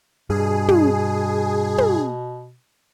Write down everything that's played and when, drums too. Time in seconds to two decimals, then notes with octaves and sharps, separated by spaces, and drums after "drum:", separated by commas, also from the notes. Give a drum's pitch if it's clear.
0.30 G2 B2 G#4
0.69 drum: tom
1.78 drum: tom